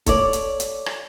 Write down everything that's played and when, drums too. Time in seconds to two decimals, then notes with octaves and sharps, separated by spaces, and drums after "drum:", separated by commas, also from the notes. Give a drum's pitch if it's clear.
0.06 A4 C#5 D5, drum: kick C#1, hi-hat
0.33 drum: hi-hat
0.60 drum: hi-hat
0.86 drum: rim click